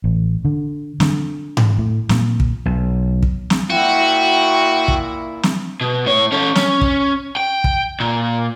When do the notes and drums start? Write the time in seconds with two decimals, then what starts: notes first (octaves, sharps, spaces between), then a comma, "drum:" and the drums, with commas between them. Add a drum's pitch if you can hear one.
0.04 A1
0.45 D3
1.00 D3, drum: snare
1.57 drum: tom G#2
1.78 A2
2.09 A#2, drum: snare
2.40 drum: kick
2.66 B1
3.23 drum: kick
3.50 drum: snare
3.70 A#2 E4 F#4 G5
4.88 drum: kick
5.43 drum: snare
5.81 B2
6.06 A2 C#5
6.32 C#4 A4
6.55 C#4, drum: snare
6.81 drum: kick
7.37 G5
7.64 drum: kick
8.00 A#2